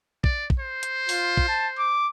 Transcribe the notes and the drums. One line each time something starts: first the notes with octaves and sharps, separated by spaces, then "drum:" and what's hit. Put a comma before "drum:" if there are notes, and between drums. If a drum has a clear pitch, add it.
D5, drum: kick
drum: kick
C5
drum: hi-hat
F4, drum: open hi-hat
drum: kick
A5
D6